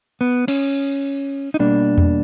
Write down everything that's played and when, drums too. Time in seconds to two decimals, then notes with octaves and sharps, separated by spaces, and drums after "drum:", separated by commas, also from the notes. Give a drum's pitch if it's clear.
0.21 B3
0.48 C#4, drum: cymbal
1.54 D#4
1.59 B2 G3 A#3 D4
1.98 drum: tom E2